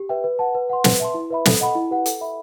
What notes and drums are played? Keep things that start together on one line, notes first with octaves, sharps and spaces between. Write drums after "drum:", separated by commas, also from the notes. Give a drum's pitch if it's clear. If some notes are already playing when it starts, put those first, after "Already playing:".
Already playing: G4
B4 E5 G5
B4
F#5 A5
B4
F#5 C6
B4, drum: snare
E5 A5 C6
E4
B4 E5 B5
A4, drum: snare
D#5 F#5 B5
E4
G4 B4 F#5
A4, drum: hi-hat
E5 B5